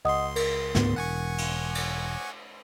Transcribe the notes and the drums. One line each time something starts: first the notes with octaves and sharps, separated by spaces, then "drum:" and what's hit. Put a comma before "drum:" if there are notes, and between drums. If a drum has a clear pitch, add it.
C#2 D#5 F#5 C6 D#6
A#4, drum: cymbal
D2 G#2 B3, drum: snare
E1 F#5 G#5 C#6
drum: cymbal
drum: cymbal